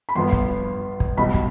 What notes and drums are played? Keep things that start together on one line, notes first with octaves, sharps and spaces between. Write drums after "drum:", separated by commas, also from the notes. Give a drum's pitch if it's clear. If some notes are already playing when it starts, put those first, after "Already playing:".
B5
G1 G2 F3 B3 C6
drum: kick
drum: kick
B1 B2 G3 B5
drum: kick